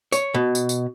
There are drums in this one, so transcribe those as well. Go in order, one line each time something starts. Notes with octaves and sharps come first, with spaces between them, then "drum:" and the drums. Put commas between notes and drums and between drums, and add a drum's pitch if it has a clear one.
C#5, drum: tambourine
B2
drum: tambourine
drum: tambourine